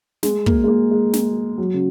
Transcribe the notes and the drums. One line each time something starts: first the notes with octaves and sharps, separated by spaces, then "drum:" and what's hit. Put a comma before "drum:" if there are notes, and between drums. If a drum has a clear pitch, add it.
G#3, drum: snare
A#3, drum: kick
G#3
A#3
G#3
drum: snare
F#3
C#3